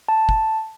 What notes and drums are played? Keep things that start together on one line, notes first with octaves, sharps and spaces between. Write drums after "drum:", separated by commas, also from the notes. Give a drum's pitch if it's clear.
A5
drum: kick